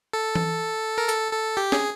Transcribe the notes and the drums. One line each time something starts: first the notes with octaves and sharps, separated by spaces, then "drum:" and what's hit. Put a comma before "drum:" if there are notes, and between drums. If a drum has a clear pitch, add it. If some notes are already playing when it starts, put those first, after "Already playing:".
A4
drum: tom E3
A#4
A4, drum: hi-hat
A4
G4
G#4, drum: snare